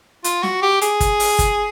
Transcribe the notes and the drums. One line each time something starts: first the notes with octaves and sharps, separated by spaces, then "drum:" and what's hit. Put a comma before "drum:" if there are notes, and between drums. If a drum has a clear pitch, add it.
F4, drum: hi-hat
F#4, drum: snare
G4
G#4, drum: hi-hat
drum: kick G1, hi-hat
drum: open hi-hat
drum: kick G1, hi-hat